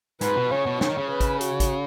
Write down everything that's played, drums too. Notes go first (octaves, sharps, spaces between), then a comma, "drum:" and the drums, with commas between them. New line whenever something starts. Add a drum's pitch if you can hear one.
G#2 B4, drum: hi-hat
B2
C#3 C#5
B2
C#3 C#5, drum: snare
D#3
C#3
B4
drum: kick, hi-hat
F#4, drum: hi-hat
drum: kick, hi-hat